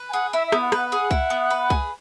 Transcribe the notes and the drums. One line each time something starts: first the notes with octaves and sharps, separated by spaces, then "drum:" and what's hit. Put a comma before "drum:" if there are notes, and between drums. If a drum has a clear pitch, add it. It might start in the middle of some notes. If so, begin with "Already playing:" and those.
Already playing: B4
G#5
G#4 F#5
E4 E5
E5
B3, drum: rim click
F#5
B4 F#5, drum: rim click
G#4 F#5
E4, drum: kick C2
B3
B4
G#4, drum: kick C2